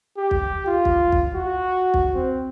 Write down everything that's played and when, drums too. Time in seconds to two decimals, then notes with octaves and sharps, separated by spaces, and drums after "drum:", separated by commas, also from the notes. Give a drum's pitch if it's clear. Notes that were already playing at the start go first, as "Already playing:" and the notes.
0.17 G4
0.31 drum: kick
0.66 F4
0.85 drum: kick
1.12 drum: kick
1.35 F#4
1.94 drum: kick
2.14 C4